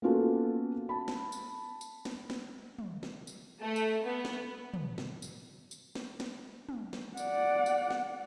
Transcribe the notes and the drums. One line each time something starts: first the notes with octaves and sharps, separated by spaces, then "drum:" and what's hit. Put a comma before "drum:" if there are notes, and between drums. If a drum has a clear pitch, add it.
A#3 B3 C#4 F4 F#4 A4
A5 B5
drum: snare
drum: tambourine
drum: tambourine
drum: snare
drum: snare
drum: tom
drum: snare
drum: tambourine
A3
drum: tambourine
B3
drum: snare
drum: tom
drum: snare
drum: tambourine
drum: tambourine
drum: snare
drum: snare
drum: tom
drum: snare
D5 F#5, drum: tambourine
drum: tambourine
drum: snare